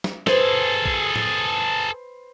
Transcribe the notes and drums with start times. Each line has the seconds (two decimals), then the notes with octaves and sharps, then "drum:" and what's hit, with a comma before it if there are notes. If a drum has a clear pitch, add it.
0.04 drum: snare
0.27 G#4 A4 B4 C5, drum: snare
0.85 drum: kick
1.16 drum: tom A2